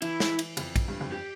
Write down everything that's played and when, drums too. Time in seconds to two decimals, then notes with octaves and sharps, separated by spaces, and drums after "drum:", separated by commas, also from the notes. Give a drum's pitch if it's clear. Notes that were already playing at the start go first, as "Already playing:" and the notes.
0.02 E3 E4, drum: cymbal
0.20 drum: snare
0.39 drum: cymbal
0.57 F2, drum: cymbal
0.76 drum: kick A#1, cymbal
0.88 G2
1.01 F2
1.12 G4